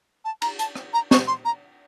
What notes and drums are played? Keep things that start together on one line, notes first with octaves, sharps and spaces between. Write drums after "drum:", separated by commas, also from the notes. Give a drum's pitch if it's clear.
A5
A#5, drum: cymbal
A5, drum: hi-hat
drum: rim click
A#5
C#6, drum: snare
C6
A#5